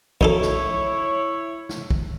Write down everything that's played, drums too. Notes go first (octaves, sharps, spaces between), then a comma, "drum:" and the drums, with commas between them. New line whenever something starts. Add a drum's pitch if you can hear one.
F#2 D#4 E4 A4 C#5, drum: kick
drum: snare
drum: snare
drum: kick